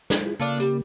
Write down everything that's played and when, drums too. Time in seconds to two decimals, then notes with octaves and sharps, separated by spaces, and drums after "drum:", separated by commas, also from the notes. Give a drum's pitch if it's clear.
0.10 drum: snare
0.26 E4 F4 G#4
0.39 C#3 A#3 D4 F4 A4
0.60 G3, drum: hi-hat